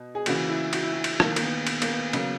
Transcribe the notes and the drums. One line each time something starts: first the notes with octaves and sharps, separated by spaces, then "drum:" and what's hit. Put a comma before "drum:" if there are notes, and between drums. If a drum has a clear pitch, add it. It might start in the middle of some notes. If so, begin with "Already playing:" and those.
Already playing: B2
G#4
C#3 E3 A#3 F#4, drum: cymbal
E4
F#4, drum: cymbal
E4
F#4
drum: cymbal
D#3 A#3, drum: rim click
A#3, drum: cymbal
B3
B3, drum: cymbal
A#3, drum: cymbal
B3
C#3 F#3 A#3, drum: cymbal